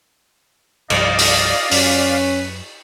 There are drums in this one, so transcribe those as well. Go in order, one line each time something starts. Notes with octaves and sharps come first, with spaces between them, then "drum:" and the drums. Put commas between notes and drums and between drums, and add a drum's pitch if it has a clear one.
C2 G2 F3 D5 D#5 F5, drum: cymbal
drum: open hi-hat
F#2 C#4 B4, drum: open hi-hat